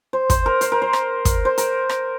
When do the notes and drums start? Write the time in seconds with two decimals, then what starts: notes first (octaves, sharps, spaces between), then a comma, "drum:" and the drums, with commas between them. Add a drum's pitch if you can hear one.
0.13 C5
0.30 C5, drum: kick, hi-hat
0.46 A#4
0.61 C5, drum: hi-hat
0.72 A#4
0.82 C5
0.93 drum: rim click
1.25 drum: kick, hi-hat
1.45 C5
1.58 A#4, drum: hi-hat
1.89 drum: rim click